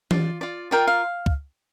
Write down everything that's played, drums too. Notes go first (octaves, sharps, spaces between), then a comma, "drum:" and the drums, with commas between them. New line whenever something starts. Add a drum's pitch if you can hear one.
F4 D5, drum: tom E3
F4 D5
F4 A#4 D5 G5
F5
drum: kick